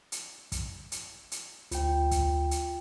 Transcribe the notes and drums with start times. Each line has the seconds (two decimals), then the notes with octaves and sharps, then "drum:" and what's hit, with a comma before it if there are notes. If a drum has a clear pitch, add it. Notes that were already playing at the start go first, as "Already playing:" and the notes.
0.12 drum: hi-hat
0.52 drum: kick, hi-hat
0.92 drum: hi-hat
1.32 drum: hi-hat
1.71 D2 F4 G5, drum: hi-hat
2.11 drum: kick, hi-hat
2.51 drum: hi-hat